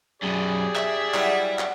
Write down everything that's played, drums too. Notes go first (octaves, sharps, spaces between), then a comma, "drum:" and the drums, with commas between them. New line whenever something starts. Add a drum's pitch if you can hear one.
F#2 B2 G4 G#4 D5
E5, drum: clap
F#3 G3 E4, drum: clap
drum: clap